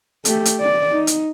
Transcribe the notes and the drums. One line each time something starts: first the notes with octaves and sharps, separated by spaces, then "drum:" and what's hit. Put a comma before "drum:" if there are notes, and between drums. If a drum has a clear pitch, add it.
A3 G4, drum: hi-hat
drum: hi-hat
D5
D#4
drum: hi-hat